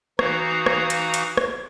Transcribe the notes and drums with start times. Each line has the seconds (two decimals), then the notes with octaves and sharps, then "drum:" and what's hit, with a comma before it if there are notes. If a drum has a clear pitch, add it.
0.19 E3 D#4 F#4 F5 A#5 D#6, drum: rim click
0.66 drum: rim click
0.90 drum: hi-hat
1.14 drum: hi-hat
1.37 drum: rim click